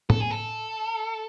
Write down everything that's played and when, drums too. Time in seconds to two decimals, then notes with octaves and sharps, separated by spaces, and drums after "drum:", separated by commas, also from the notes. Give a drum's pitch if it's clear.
0.10 A4, drum: tom A2
0.20 G#4
0.31 A4